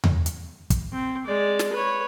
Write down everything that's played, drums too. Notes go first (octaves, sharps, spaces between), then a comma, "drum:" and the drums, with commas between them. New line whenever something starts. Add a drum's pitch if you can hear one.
drum: tom E2
drum: hi-hat
drum: kick, hi-hat
C4
G#3 D5
drum: snare
B4 C#5